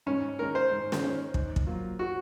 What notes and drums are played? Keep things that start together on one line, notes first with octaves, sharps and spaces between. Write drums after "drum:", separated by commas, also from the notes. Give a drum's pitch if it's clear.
G#2 C#4
D#3 G#3 C#4 A#4
C5
G#2
drum: snare
D#3 G#3 C#4
G#2, drum: kick
drum: kick
F#3 A#3 F4
F#4